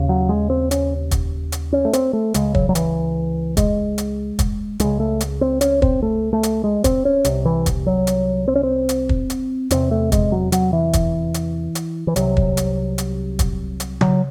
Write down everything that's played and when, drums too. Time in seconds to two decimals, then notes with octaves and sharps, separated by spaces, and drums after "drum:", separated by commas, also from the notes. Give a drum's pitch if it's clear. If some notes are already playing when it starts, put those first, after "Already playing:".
Already playing: D#2 C#3
0.09 F#3
0.29 G#3
0.50 C4
0.71 C#4, drum: hi-hat
1.11 drum: kick, hi-hat
1.52 drum: hi-hat
1.73 C#4
1.85 A3
1.93 C4, drum: hi-hat
2.13 A3
2.34 C#2 C#3 G#3, drum: hi-hat
2.55 F#3, drum: kick
2.69 F#3
2.75 E3, drum: hi-hat
3.57 G#3, drum: kick, hi-hat
3.98 drum: hi-hat
4.39 drum: kick, hi-hat
4.80 C#2 C#3 G#3, drum: hi-hat
5.00 A3
5.20 drum: hi-hat
5.41 C4
5.61 C#4, drum: hi-hat
5.82 C4, drum: kick
6.02 A3
6.33 A3
6.43 drum: hi-hat
6.64 G#3
6.84 C4, drum: kick, hi-hat
7.05 C#4
7.24 C2 C3, drum: hi-hat
7.45 E3
7.66 drum: kick, hi-hat
7.87 F#3
8.07 drum: hi-hat
8.48 C4
8.55 C#4
8.63 C4
8.89 drum: hi-hat
9.09 drum: kick
9.30 drum: hi-hat
9.71 E2 C3 C4, drum: hi-hat
9.91 A3
10.12 G#3, drum: kick, hi-hat
10.32 F#3
10.52 F#3, drum: hi-hat
10.73 E3
10.93 drum: kick, hi-hat
11.34 drum: hi-hat
11.75 drum: hi-hat
12.07 E3
12.16 C2 C3 F#3, drum: hi-hat
12.37 drum: kick
12.57 drum: hi-hat
12.98 drum: hi-hat
13.39 drum: kick, hi-hat
13.80 drum: hi-hat
14.01 F#3, drum: tom C#3